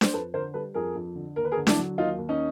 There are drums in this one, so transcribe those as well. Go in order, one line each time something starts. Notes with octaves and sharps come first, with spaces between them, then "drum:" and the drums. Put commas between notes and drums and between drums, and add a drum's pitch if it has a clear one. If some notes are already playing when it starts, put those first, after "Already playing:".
C5, drum: snare D4
F2 A4 B4
D3 A#4 C5
G3 A4 B4
F2 G#4 A#4
F2
D3
D#2 A#4
B4
G#4 A#4
D3
D4 E4, drum: snare D4
F#3
D#2 D#4 F4
D#2
C#4 D#4